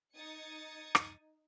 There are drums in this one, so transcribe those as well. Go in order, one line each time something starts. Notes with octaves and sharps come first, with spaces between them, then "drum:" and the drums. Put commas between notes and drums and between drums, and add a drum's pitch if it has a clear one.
D#4 D#6 G#6 A6 C#7
drum: rim click